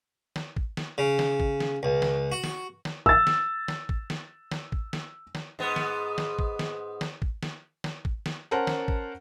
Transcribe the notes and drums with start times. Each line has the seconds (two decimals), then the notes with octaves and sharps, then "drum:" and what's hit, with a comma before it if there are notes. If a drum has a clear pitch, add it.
0.36 drum: snare
0.56 drum: kick
0.77 drum: snare
0.98 C#3
1.19 drum: snare
1.40 drum: kick
1.60 drum: snare
1.83 C#2
2.02 drum: snare
2.32 F#4
2.44 drum: snare
2.85 drum: snare
3.06 E6 A6, drum: kick
3.27 drum: snare
3.68 drum: snare
3.89 drum: kick
4.10 drum: snare
4.51 drum: snare
4.72 drum: kick
4.93 drum: snare
5.35 drum: snare
5.59 G#2 B3
5.76 drum: snare
6.18 drum: snare
6.39 drum: kick
6.59 drum: snare
7.01 drum: snare
7.22 drum: kick
7.43 drum: snare
7.84 drum: snare
8.05 drum: kick
8.26 drum: snare
8.51 C#4 A#4 C5 F#5 A5
8.67 drum: snare
8.88 drum: kick